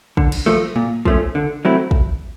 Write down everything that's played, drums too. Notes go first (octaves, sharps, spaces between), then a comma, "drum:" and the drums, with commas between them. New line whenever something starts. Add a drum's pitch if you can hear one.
D3, drum: kick
drum: cymbal
F3 A3
A#2, drum: tom A2
F3 A3 C#4, drum: kick
D3
F#3 A3 C4 E4
drum: kick